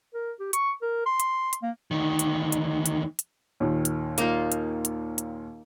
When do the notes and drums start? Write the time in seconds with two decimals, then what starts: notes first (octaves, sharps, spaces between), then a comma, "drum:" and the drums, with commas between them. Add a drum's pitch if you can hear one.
0.14 A#4
0.40 G4
0.53 C#6, drum: hi-hat
0.82 A#4
1.06 C6
1.20 drum: hi-hat
1.53 drum: hi-hat
1.63 A#3
1.91 D2 D#3
2.19 drum: hi-hat
2.52 drum: hi-hat
2.86 drum: hi-hat
3.19 drum: hi-hat
3.60 D#2 A#2 D#3
3.85 drum: hi-hat
4.18 A#3 D#4 F4, drum: hi-hat
4.52 drum: hi-hat
4.85 drum: hi-hat
5.18 drum: hi-hat